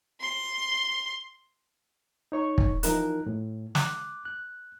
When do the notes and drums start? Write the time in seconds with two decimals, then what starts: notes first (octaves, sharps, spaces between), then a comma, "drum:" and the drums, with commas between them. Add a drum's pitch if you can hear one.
0.20 C6
2.32 D#4 C#5 C#6
2.58 drum: kick
2.83 E3 F3 D#4 A#4 F#6, drum: hi-hat
3.27 A2
3.75 D6 F#6, drum: snare
4.25 F#6